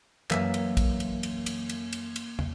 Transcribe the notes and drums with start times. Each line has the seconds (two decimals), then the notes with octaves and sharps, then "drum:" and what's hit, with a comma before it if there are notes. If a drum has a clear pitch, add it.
0.31 F#2 E3 F#3 A#3 E5, drum: clap
0.54 drum: cymbal
0.77 drum: kick, cymbal
1.00 drum: cymbal
1.23 drum: cymbal
1.46 drum: cymbal
1.69 drum: cymbal
1.93 drum: cymbal
2.16 drum: cymbal
2.39 drum: tom